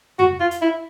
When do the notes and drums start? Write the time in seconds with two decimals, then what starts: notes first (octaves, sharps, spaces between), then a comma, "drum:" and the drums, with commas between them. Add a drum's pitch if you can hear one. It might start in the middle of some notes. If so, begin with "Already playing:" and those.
0.19 F#4, drum: tom
0.40 F4
0.51 drum: hi-hat
0.62 E4